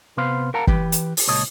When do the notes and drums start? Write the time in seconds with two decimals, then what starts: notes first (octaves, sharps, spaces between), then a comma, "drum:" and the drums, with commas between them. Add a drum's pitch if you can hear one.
0.17 C3 B3 B4 C5 F5
0.54 A#4 F5 F#5 A5 A#5
0.67 E3 G4 B4 G5, drum: kick
0.92 drum: hi-hat
1.17 drum: open hi-hat
1.28 C#2 A#2 C#5 D#5 A5